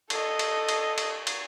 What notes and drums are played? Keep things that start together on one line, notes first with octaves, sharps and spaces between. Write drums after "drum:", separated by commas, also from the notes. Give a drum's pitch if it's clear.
A4 D#5, drum: cymbal
drum: cymbal
drum: cymbal
drum: cymbal
drum: cymbal